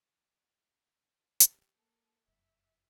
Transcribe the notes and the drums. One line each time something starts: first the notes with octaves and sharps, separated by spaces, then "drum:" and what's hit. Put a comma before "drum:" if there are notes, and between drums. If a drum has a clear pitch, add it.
G4, drum: hi-hat
A#3 A4
F1 F#2 E5